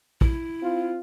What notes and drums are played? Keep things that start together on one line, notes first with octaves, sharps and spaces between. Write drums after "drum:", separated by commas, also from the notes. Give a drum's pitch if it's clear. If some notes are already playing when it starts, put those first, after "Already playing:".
E4, drum: kick
C4 F4